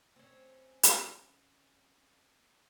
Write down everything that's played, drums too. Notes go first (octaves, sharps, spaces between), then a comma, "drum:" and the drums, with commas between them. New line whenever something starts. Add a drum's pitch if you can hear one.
C4 C#4
drum: hi-hat